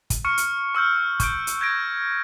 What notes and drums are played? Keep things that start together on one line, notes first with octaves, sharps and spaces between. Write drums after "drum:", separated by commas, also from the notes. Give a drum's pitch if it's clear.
drum: kick, hi-hat
C#6 F6 C#7
drum: hi-hat
C#6 E6 F6 G6
C#6 G6 D7, drum: kick, hi-hat
drum: hi-hat
G6 G#6 A#6 D7